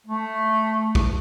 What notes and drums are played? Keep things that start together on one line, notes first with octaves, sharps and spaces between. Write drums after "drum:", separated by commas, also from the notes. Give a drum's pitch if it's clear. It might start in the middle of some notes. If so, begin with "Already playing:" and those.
A3
drum: kick A#1